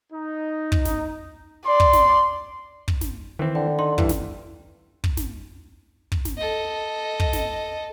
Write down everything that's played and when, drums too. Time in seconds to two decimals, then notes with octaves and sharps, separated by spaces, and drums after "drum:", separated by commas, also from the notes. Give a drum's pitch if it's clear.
0.13 D#4
0.72 drum: kick
0.85 drum: snare
1.66 D5 C6
1.80 drum: kick
1.93 drum: snare
2.88 drum: kick
3.01 drum: snare
3.39 D#3 E3 C4
3.55 D3 G5
3.79 D#4 C6
3.98 G2 E3 E4, drum: kick
4.09 drum: snare
5.04 drum: kick
5.17 drum: snare
6.12 drum: kick
6.25 drum: snare
6.37 A4 D#5
7.20 drum: kick
7.33 drum: snare